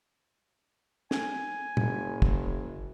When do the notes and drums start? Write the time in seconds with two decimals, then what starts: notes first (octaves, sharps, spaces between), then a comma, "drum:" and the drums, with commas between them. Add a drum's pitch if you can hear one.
1.11 G#5, drum: snare
1.77 F#1, drum: tom A#2
2.22 drum: kick